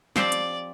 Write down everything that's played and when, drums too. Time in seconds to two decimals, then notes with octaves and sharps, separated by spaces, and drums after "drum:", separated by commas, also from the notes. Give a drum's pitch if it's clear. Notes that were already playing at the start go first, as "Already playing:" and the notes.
0.16 F3 C4 G4 C5 D5, drum: snare
0.32 drum: hi-hat